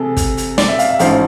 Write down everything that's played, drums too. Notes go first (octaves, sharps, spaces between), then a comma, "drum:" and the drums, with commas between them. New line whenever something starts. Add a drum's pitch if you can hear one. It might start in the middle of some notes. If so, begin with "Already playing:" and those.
Already playing: C3 G#4 A4
drum: kick, hi-hat
drum: hi-hat
D5, drum: snare
E5
F5, drum: hi-hat
E5
A1 G#2 F3 F5, drum: hi-hat